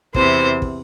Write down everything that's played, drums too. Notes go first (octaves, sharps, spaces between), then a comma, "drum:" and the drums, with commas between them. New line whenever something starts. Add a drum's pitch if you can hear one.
E2 C3 E3 C5, drum: kick
drum: kick